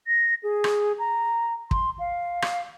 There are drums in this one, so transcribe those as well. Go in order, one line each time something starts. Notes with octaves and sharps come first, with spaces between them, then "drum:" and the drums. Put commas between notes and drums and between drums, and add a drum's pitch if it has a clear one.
A#6
G#4
drum: rim click
A#5
C6, drum: kick
F5
drum: rim click